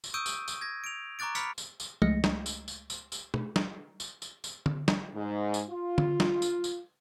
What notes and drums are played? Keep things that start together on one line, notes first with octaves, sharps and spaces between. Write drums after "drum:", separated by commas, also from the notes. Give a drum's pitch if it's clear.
drum: tambourine
C#6 D#6 E6 G6 D7 D#7
drum: tambourine
drum: tambourine
G#6 A#6
D7 F7
A#5 C#6 D6 F#6 A6 D7
B5 F6 B6 C#7, drum: tambourine
drum: tambourine
drum: tambourine
C#2 G#3 A3 D#5 A#6 C#7, drum: tom
drum: snare
drum: tambourine
drum: tambourine
drum: tambourine
drum: tambourine
drum: tom
drum: snare
drum: tambourine
drum: tambourine
drum: tambourine
drum: tom D3
drum: snare
G#2
drum: tambourine
F4
drum: tom D3
drum: snare
drum: tambourine
drum: tambourine